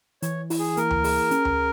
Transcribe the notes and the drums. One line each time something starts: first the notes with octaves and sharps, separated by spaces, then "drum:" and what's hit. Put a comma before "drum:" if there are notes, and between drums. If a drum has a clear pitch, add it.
E3 C#5, drum: hi-hat
E4, drum: open hi-hat
G#4
A#3 A#4, drum: hi-hat
drum: tom D2
G#4, drum: open hi-hat
C#4, drum: hi-hat
drum: tom D2